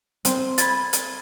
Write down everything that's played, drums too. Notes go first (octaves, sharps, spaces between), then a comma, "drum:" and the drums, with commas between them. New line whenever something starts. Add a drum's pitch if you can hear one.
C4, drum: hi-hat
B5 G#6 A6, drum: hi-hat
drum: hi-hat